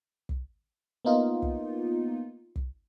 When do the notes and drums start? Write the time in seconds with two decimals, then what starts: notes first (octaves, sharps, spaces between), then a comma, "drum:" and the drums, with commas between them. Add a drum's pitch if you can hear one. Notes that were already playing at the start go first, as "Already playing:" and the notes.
0.29 drum: kick
1.05 A#3 B3 D#4 F4
1.42 drum: kick
2.56 drum: kick